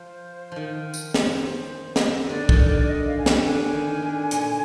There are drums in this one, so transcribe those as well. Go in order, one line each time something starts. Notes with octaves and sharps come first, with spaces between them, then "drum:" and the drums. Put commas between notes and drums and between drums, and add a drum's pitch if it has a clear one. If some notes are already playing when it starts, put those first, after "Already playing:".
Already playing: F3 C5
D#3 F3
drum: tambourine
C5, drum: snare
drum: snare
D#5
D3 D5
D#3, drum: kick
D3
D5
D#5
F5
G#5
G5, drum: snare
G5
D3 G#5
D#3
D#3
D3
A#2, drum: hi-hat